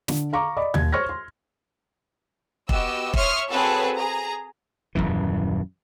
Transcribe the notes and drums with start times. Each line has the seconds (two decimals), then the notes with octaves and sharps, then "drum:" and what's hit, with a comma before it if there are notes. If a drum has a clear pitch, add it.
0.08 D3, drum: snare
0.33 F5 A#5 C#6 D6
0.57 D5 D#5 B5 D6
0.74 D#2 G#6, drum: tom D#2
0.92 C5 C#5 C#6 F6 G#6 A#6
1.09 C6
2.69 B3 F#4 G4 D#5 E6, drum: kick
3.14 C#5 E5 C6 C#6 D#6 F6, drum: kick
3.50 C4 F#4 G#4 A4 B4 C#5
3.94 G#4 A#5
4.95 D#1 C#2 F#2 E3